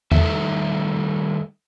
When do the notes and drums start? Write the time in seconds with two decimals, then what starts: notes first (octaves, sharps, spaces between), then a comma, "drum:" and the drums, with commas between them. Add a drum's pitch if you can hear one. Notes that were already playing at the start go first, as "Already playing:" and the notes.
0.12 D#3 G3 A3 D#4 A4 E5, drum: tom E2